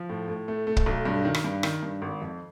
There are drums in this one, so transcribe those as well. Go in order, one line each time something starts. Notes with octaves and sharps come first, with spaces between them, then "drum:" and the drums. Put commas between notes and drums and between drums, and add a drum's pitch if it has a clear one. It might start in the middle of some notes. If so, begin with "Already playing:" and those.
Already playing: F3
A2
A2
A3
A3
drum: kick
B1
G2
D#3
drum: rim click
G2
D#3, drum: rim click
G2
G#1
F2